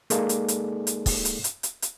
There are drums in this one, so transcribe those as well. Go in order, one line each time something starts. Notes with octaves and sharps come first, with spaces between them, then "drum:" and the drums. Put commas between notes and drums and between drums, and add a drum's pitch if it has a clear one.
G#3 A#3 D#4 G#4 A4 D5, drum: hi-hat
drum: hi-hat
drum: hi-hat
drum: hi-hat
drum: kick, open hi-hat
drum: hi-hat
drum: hi-hat
drum: hi-hat
drum: hi-hat